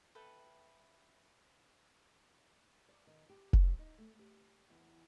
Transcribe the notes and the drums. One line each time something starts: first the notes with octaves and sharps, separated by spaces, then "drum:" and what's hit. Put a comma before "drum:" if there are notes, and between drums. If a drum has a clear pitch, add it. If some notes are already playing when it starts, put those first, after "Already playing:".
A4 B4 E5 G5
D5
D#3
G4
drum: kick F1
F#3
D#4
A3
G4
E2